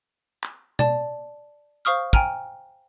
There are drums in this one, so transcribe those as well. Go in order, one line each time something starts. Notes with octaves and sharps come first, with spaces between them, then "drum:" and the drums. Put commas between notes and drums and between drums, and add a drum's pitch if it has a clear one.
drum: clap
D5 A5, drum: tom B2
C5 F5 C#6 D#6 F6
G5 G#5 A#5 F6, drum: kick